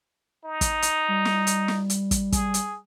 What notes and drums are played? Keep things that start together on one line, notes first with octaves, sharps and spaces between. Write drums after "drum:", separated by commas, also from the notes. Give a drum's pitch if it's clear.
D#4
drum: kick, hi-hat
drum: hi-hat
G3
drum: snare
drum: hi-hat
drum: snare
drum: hi-hat
drum: kick, hi-hat
G#4, drum: kick, hi-hat
drum: hi-hat